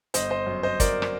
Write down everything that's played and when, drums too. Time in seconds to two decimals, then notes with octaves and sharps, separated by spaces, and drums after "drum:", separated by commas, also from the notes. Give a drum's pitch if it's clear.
0.14 G1 C5 D#5, drum: hi-hat
0.30 C5 D#5
0.47 F#2
0.63 C5 D#5
0.80 F#3 A#4 D5, drum: kick, hi-hat
1.02 drum: rim click